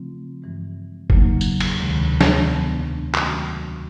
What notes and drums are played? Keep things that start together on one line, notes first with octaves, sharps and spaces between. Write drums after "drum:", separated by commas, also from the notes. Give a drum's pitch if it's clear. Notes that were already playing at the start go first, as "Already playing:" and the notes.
Already playing: C#3 F3 A3 C4 F4
G2 E3 G#3
E2 C#3 F#3 A#3 D#4, drum: kick F#1
drum: tambourine
drum: cymbal
D2 C3 D#3 G#3
drum: snare
D#3 G#3 B3 D4
D#3 F#3 A3 C#4 F#4, drum: clap